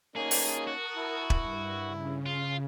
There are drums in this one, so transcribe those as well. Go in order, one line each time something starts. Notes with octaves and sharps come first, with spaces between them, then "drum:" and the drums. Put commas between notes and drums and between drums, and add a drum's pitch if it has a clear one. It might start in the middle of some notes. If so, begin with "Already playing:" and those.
A#3 C#4 D#4 G#4 A5
drum: open hi-hat
F#4 A#4 A5 D#6
E4
drum: kick
G2
C#3
F4